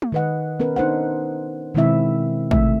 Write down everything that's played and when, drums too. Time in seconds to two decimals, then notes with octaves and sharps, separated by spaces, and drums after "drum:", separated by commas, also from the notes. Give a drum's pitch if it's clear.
0.02 drum: tom
0.12 D#3 D#4 B4 D#5 F#5
0.60 B3 C#4 A#4 B4
0.76 D4 D#4 C5 F#5
1.75 B2 D#3 G#3 C4 E4 E5
2.51 C3 A3 E5, drum: kick